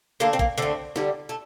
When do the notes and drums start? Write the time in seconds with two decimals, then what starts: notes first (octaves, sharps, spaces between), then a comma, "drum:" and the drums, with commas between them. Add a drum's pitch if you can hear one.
0.20 D3 A3 A#3
0.33 C4
0.39 A#3, drum: kick
0.58 D3 A3 C4
0.96 D3 G3, drum: snare
1.29 A3